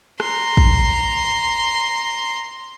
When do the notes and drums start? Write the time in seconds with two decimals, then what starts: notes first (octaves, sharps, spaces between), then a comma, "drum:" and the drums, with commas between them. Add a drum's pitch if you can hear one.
0.20 A#5 C6, drum: rim click
0.57 drum: kick